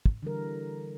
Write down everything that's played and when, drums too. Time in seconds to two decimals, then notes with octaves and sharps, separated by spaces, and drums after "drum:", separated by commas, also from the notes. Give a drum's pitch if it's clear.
0.06 drum: kick
0.23 D3 E3 G3 A#4